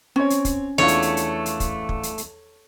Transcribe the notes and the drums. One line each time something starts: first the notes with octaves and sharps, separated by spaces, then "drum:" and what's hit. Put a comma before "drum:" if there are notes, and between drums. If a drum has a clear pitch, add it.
C4 C#4 C#5
drum: hi-hat
drum: kick, hi-hat
E2 A3 D4 F4 C#5
drum: hi-hat
drum: hi-hat
drum: hi-hat
drum: hi-hat
drum: kick, hi-hat
drum: kick
drum: hi-hat
drum: hi-hat